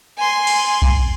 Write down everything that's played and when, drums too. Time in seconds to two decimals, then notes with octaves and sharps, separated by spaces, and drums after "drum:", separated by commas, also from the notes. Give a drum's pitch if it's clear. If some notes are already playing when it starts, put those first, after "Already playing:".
0.18 G#5 C6
0.47 drum: cymbal
0.82 drum: kick B1